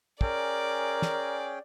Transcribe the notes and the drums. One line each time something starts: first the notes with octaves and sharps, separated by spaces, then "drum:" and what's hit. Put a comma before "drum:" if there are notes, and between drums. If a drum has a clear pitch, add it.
C#4 G#4 A#4 D5 G5, drum: kick
drum: snare